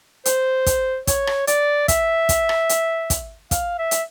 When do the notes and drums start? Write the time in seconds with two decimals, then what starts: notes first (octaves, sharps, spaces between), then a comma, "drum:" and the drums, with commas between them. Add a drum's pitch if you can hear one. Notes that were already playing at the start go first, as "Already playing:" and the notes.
0.25 C5, drum: hi-hat
0.66 drum: kick, hi-hat
1.07 C#5, drum: kick, hi-hat
1.27 drum: rim click
1.47 D5, drum: hi-hat
1.88 E5, drum: kick, hi-hat
2.29 drum: kick, hi-hat
2.49 drum: rim click
2.69 drum: hi-hat
3.10 drum: kick, hi-hat
3.51 F5, drum: kick, hi-hat
3.78 E5
3.91 drum: hi-hat